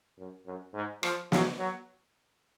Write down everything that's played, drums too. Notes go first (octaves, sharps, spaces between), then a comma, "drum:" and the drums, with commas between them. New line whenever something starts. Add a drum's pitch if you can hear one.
F#2
F#2
G#2
F3, drum: rim click
F#3, drum: snare
F#3